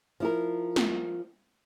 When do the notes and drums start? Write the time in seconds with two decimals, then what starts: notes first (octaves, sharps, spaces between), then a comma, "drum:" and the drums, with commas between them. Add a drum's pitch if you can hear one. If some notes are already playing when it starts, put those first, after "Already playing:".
0.20 F3 E4 A#4
0.76 drum: snare